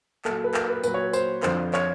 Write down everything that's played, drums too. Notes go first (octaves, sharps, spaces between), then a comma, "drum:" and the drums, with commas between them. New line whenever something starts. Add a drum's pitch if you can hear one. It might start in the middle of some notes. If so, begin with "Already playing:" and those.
A#2 F#3 A4, drum: clap
B4
A#4, drum: clap
B4
A#2 F#3 B4, drum: tambourine
C#5
C5, drum: tambourine
F2 D3 F3 C5, drum: clap
C#5, drum: clap